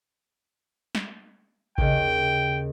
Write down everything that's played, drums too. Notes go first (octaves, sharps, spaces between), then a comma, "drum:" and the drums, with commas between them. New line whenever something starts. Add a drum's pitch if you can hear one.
drum: snare
D#2 C#3 G5, drum: kick A1